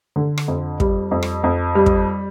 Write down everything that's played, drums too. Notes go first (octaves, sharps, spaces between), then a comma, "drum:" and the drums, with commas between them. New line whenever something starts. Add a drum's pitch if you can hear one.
D3
drum: rim click
F2
G3, drum: kick
F2
drum: rim click
F2
G3
drum: kick